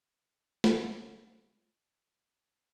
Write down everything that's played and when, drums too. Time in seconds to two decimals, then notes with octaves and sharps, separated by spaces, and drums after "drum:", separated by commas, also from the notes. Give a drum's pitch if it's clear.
0.64 drum: snare
0.93 F#3
1.26 G#2 G#5
1.73 E5
2.03 F3 B4
2.38 D3 C#5